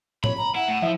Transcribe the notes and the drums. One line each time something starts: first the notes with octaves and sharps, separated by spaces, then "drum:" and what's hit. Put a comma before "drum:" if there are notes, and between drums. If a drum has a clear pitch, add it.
C#5 B5, drum: tom
A#5
E4 F#5
A2
F3 E4 C5